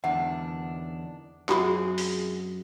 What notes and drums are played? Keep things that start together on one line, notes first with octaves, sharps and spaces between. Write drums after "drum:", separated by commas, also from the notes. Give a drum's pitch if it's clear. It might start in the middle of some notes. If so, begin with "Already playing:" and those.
E2 D3 D#3 D4 F#5
F#2 G#3 C4 F4 F#4 G#4 B5 D#6, drum: clap
drum: open hi-hat